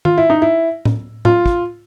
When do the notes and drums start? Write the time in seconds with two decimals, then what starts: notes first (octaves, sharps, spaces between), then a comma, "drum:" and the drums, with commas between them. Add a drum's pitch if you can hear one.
0.05 F4, drum: tom D#3
0.18 E4
0.30 D#4
0.42 E4
0.85 drum: tom A2
1.25 F4, drum: tom A2
1.46 drum: kick